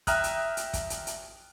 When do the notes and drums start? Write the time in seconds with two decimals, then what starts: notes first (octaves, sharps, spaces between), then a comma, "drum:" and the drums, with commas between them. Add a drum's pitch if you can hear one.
0.07 E5 G5 A#5 D#6 F6 F#6, drum: kick, hi-hat
0.24 drum: hi-hat
0.57 drum: hi-hat
0.73 drum: kick, hi-hat
0.90 drum: hi-hat
1.07 drum: hi-hat